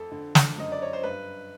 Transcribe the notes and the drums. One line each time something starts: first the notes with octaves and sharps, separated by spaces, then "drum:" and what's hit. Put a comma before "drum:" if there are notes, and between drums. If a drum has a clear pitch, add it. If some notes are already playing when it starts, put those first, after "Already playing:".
Already playing: F2 A4
D3
drum: snare
F#2 D#5
D5
C#5
C5
G2 B4